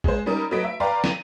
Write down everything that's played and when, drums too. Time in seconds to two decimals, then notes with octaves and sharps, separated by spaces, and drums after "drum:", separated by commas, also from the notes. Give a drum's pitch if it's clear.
0.04 G#3 C5, drum: kick G#1
0.26 G3 C#4 D#4 A#4
0.51 F#3 A3 B4 D#5 B6 D7
0.64 E5
0.80 B4 D5 F5 G5 A#5 C6
1.04 D#7, drum: snare